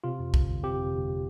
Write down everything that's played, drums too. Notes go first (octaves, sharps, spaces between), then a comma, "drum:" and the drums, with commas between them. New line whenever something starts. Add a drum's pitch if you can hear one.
C3 F4
F2
G1, drum: kick C2
G1
C3 G4
F2
G1